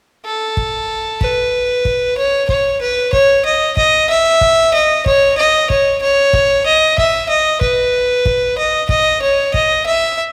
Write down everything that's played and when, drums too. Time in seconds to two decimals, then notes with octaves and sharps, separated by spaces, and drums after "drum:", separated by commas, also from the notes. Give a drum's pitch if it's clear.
0.25 A4
0.57 drum: kick
1.21 B4, drum: kick
1.85 drum: kick
2.18 C#5
2.49 C#5, drum: kick
2.81 B4
3.13 C#5, drum: kick
3.45 D#5
3.77 D#5, drum: kick
4.10 E5
4.41 drum: kick
4.74 D#5
5.06 C#5, drum: kick
5.38 D#5
5.70 C#5, drum: kick
6.02 C#5
6.33 drum: kick
6.66 D#5
6.98 E5, drum: kick
7.29 D#5
7.61 B4, drum: kick
8.25 drum: kick
8.58 D#5
8.89 D#5, drum: kick
9.22 C#5
9.54 D#5, drum: kick
9.86 E5